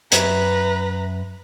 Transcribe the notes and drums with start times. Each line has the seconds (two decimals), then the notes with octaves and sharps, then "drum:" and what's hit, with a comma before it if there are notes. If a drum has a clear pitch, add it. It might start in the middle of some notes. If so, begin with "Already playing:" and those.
0.12 F#2 B4 E5 A#5, drum: hi-hat